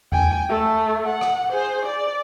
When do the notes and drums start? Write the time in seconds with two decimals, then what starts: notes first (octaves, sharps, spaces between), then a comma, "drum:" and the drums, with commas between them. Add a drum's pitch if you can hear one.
0.12 G5 G#5, drum: tom E2
0.49 A3
1.05 F#5
1.21 drum: rim click
1.52 G#4 C5
1.85 D5